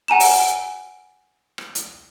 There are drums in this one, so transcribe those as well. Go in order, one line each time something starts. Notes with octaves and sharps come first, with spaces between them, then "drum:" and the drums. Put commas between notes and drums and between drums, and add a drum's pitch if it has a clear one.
F#5 G#5 A#5 E7
drum: open hi-hat
drum: rim click
drum: hi-hat